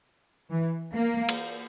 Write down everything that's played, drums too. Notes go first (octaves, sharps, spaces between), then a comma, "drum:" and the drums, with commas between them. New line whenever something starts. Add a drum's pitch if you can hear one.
E3
A#3
drum: cymbal